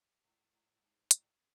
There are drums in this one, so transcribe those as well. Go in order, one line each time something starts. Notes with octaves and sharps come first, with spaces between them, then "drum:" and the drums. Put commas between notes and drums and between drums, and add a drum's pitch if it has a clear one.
G#2
G#2
G2
G#2, drum: hi-hat